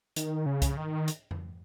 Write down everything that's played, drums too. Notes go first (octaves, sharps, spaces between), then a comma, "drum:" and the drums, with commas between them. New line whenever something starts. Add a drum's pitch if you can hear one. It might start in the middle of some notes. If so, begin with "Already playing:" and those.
D#3, drum: hi-hat
C#3
drum: kick, hi-hat
D#3
drum: hi-hat
drum: tom F2